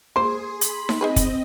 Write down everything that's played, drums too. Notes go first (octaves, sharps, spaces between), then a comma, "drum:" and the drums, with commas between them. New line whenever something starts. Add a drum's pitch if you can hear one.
A#3 G#4 C5 C6
B5, drum: hi-hat
drum: snare D#4
C4 D#4 G#4 B4 D#5
drum: kick, hi-hat